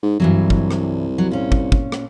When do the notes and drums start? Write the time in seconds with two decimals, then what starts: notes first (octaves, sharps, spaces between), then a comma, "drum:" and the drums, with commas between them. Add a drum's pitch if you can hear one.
0.03 G#2
0.20 C2 G2 E3 F#3
0.50 drum: kick
0.71 drum: rim click
1.18 F#3
1.31 A#2 C#4
1.52 drum: kick
1.72 drum: kick
1.92 drum: rim click